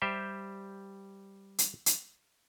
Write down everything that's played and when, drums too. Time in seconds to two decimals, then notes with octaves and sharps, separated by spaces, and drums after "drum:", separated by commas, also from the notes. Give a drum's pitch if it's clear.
0.02 G3 G4 C5 E5
1.58 drum: hi-hat
1.86 drum: hi-hat